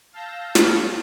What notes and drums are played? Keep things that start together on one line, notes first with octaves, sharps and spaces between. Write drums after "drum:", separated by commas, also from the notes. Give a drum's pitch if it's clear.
F5 A5 E6 G6 A#6
drum: snare